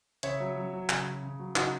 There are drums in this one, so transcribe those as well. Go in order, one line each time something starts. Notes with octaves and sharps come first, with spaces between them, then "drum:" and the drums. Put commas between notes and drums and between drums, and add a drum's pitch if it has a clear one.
C#3 C#5 E5, drum: hi-hat
F#3
F#3
F#3
C#3, drum: clap
C#3
C#3
F#3
C#3 D#4 F#4, drum: clap